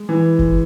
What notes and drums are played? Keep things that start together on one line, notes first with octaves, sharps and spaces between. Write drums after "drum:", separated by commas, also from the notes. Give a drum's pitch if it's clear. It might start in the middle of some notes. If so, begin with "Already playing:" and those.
Already playing: G#3
E3
drum: kick F#1